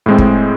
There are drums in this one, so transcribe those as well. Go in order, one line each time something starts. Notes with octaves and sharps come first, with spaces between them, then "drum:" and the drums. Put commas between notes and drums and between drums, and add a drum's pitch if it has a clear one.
A2 G#3 C4
drum: kick